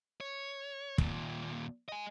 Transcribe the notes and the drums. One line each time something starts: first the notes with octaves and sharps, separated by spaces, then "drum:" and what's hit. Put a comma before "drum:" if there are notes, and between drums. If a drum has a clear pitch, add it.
C#5
D#2 A#2, drum: kick
D#5 G#5